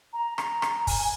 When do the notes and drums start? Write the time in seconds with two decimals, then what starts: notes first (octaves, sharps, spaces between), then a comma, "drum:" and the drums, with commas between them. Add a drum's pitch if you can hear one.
0.13 A#5
0.38 A#5, drum: rim click
0.62 drum: rim click
0.87 G#5, drum: kick, open hi-hat